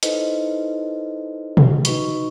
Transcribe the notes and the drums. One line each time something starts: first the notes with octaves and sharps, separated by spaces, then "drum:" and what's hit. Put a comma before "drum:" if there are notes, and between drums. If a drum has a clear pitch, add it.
D#4 E4 A4 B4 C5 D#5, drum: hi-hat
drum: tom
D#4 F#4 B4 D#5 B5 C#6, drum: hi-hat